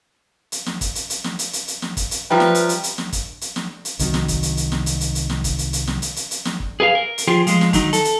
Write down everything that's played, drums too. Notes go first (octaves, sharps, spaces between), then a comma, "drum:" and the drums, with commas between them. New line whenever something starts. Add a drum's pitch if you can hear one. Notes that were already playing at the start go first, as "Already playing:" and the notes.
drum: hi-hat
drum: snare
drum: kick, hi-hat
drum: hi-hat
drum: hi-hat
drum: snare
drum: hi-hat
drum: hi-hat
drum: hi-hat
drum: snare
drum: kick, hi-hat
drum: hi-hat
F3 G3 B4 E5 G5 A#5 F6
drum: snare
drum: hi-hat
drum: hi-hat
drum: hi-hat
drum: snare
drum: kick, hi-hat
drum: hi-hat
drum: snare
drum: hi-hat
C2 D#3 F#3, drum: hi-hat
drum: snare
drum: kick, hi-hat
drum: hi-hat
drum: hi-hat
drum: snare
drum: hi-hat
drum: hi-hat
drum: hi-hat
drum: snare
drum: kick, hi-hat
drum: hi-hat
drum: hi-hat
drum: snare
drum: hi-hat
drum: hi-hat
drum: hi-hat
drum: snare
drum: kick
G#4 B4 E5 F5
A#4
drum: hi-hat
F3 F4 G4 G#4
F3 G#3, drum: hi-hat
drum: snare
D#3 F#3 D#4, drum: kick, hi-hat
A4, drum: hi-hat
drum: hi-hat